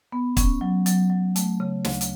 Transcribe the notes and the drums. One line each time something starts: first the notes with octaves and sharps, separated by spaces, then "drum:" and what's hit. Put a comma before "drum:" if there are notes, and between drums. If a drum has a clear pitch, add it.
B3
C#4, drum: kick, hi-hat
F#3
F#3, drum: hi-hat
F#3
A3, drum: hi-hat
C#3
D2, drum: snare
drum: hi-hat